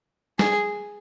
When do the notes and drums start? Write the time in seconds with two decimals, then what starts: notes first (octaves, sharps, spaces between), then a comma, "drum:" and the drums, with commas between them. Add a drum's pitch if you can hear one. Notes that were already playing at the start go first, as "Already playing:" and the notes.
0.39 G#4, drum: snare